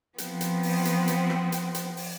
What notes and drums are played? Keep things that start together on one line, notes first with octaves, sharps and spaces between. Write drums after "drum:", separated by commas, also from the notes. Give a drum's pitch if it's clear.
F3 B3 C4, drum: hi-hat
drum: hi-hat
drum: open hi-hat
drum: hi-hat
drum: hi-hat
drum: rim click
drum: hi-hat
drum: hi-hat
drum: open hi-hat